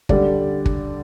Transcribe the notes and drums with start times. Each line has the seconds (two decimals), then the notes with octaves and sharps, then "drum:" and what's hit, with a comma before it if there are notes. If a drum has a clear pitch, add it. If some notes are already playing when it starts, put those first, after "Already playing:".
0.09 D3 G3 D4 D5, drum: kick
0.66 drum: kick